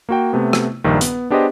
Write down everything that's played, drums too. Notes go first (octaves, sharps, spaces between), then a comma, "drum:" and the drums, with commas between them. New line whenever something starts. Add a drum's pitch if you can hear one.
A#3 F#4 G5
C3 A3 B3
drum: rim click
A#1 G2 D#3
B3, drum: hi-hat
B3 D4 G4 G#4 C5 D#5